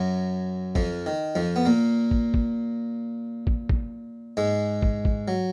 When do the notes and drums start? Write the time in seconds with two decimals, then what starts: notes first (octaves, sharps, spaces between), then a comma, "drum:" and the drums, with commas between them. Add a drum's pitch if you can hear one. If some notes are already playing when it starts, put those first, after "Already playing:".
Already playing: F#2 F#3
0.75 F2 F3, drum: kick
1.06 D#3
1.35 F2 F3
1.56 B3
1.65 A#2 A#3
2.11 drum: kick
2.34 drum: kick
3.47 drum: kick
3.69 drum: kick
4.37 G#2 G#3
4.82 drum: kick
5.05 drum: kick
5.28 F#3